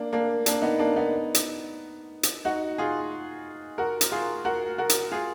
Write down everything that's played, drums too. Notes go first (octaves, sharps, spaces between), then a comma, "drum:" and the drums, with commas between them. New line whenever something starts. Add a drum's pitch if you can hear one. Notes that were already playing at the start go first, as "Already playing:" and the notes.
Already playing: A#3 D4
A#3 D4
A#3 D4, drum: hi-hat
B3 D#4
A#3 D4
B3 D#4
drum: hi-hat
drum: hi-hat
D#4 F#4
F4 G#4
F#4 A#4
drum: hi-hat
F4 G#4
F#4 A#4
F#4 A#4
drum: hi-hat
F4 G#4